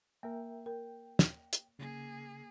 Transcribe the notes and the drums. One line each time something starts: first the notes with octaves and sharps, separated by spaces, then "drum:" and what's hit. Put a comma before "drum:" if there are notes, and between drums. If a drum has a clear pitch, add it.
A#3 A#4 E5 G5
A#4 G5
drum: snare
drum: hi-hat
C#3 A#3 G#4